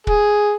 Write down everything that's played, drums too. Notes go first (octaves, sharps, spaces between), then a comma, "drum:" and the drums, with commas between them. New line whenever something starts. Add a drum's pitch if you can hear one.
G#4, drum: kick